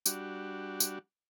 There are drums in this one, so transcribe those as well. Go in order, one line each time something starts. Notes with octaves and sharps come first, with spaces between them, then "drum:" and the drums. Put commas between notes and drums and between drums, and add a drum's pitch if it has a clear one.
G3 D4 F#4, drum: tambourine
drum: tambourine